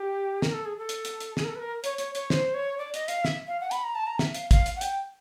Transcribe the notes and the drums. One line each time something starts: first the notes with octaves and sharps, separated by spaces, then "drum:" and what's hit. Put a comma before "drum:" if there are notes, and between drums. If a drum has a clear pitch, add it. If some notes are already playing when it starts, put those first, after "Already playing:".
Already playing: G4
A#4, drum: snare
A4
G#4
A4
drum: hi-hat
drum: hi-hat
drum: hi-hat
G#4, drum: snare
A#4
A4
B4
A#4
C#5, drum: hi-hat
C#5, drum: hi-hat
C#5, drum: hi-hat
C5, drum: snare
C#5
D5
D#5, drum: hi-hat
F5, drum: hi-hat
E5, drum: snare
F5
F#5
B5, drum: hi-hat
A#5
A5
A#5
E5, drum: snare
F5, drum: hi-hat
F5, drum: kick, hi-hat
drum: hi-hat
F#5
G5, drum: hi-hat